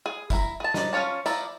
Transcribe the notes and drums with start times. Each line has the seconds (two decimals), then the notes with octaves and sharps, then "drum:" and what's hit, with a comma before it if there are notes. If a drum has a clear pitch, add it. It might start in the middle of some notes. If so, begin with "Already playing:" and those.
0.06 G#4
0.30 E4 A#5, drum: kick, tambourine
0.60 G#4 A5
0.74 D#4 D5, drum: snare
0.93 C#4 E4 F4 C#5 A5
1.26 F3 E4 D5 A#5, drum: tambourine